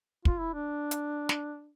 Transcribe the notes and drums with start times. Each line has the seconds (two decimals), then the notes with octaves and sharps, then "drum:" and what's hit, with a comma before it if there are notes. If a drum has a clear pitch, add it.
0.25 F4, drum: kick
0.40 E4
0.54 D4
0.91 drum: hi-hat
1.29 drum: snare